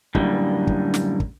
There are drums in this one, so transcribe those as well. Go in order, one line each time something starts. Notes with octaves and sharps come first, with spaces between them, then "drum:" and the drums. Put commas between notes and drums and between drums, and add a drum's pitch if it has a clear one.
F#2 A2 D3 G3 A#3, drum: kick
drum: kick
drum: snare
drum: kick